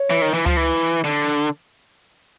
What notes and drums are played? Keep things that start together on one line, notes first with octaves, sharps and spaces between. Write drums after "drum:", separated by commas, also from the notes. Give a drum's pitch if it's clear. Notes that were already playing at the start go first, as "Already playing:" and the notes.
Already playing: C#5
E3
D#3
E3
F3, drum: tom C#2
E3
D3, drum: hi-hat